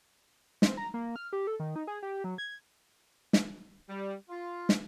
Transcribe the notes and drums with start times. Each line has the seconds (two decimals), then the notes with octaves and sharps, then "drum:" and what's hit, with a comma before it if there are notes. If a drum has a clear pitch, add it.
0.62 C4, drum: snare
0.77 A#5
0.94 A#3
1.16 F6
1.33 G4
1.47 A4
1.60 D#3
1.76 D#4
1.87 G#4
2.03 G4
2.24 F#3
2.38 G#6
3.33 drum: snare
3.89 G3
4.29 F4
4.69 drum: snare